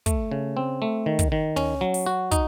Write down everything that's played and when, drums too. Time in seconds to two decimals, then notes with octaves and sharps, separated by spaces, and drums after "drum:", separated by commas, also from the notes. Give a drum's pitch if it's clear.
0.06 A3, drum: kick, hi-hat
0.31 C#3
0.57 C4
0.82 A3
1.06 D#3
1.19 drum: kick, hi-hat
1.32 D#3
1.56 C#4, drum: tom
1.81 F#3
1.94 drum: open hi-hat
2.06 F#4
2.31 D#4, drum: kick, hi-hat